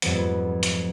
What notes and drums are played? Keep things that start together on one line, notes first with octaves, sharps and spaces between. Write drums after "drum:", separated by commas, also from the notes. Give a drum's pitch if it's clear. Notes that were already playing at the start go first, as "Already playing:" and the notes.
F2 G#2 F#3 G3 A3 B3, drum: hi-hat
drum: hi-hat